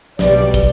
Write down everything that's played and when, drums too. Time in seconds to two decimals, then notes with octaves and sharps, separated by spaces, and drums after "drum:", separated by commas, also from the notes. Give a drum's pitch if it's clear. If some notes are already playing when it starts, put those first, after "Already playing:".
0.19 B1 B2 G3 D5, drum: snare
0.54 drum: kick, hi-hat